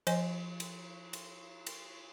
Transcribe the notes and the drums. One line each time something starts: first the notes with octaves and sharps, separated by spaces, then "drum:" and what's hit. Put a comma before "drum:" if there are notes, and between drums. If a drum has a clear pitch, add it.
F3 C5 D#5 G#5, drum: cymbal
drum: cymbal
drum: cymbal
drum: cymbal